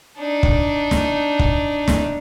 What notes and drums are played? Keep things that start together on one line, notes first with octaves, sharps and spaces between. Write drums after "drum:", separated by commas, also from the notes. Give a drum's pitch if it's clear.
D4 D#4
drum: kick
drum: snare
drum: kick
drum: snare